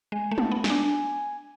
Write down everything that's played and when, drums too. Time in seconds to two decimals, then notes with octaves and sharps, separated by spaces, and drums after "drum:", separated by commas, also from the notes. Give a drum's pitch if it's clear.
0.12 G#3 G#5
0.31 A3
0.38 A5, drum: tom
0.52 B3
0.64 G#5, drum: snare
0.70 D4